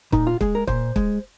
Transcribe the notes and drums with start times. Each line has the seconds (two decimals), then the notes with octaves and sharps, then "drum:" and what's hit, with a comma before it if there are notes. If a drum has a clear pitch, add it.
0.12 A#2 D#4, drum: kick
0.27 F4
0.41 G#3 G#4, drum: kick
0.55 A#4
0.67 A#2 C5, drum: kick
0.96 G#3, drum: kick